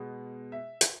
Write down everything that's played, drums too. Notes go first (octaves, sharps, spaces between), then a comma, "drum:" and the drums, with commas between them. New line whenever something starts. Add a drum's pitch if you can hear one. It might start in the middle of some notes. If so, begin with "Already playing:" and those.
Already playing: B2 G#3 B3
E5
drum: hi-hat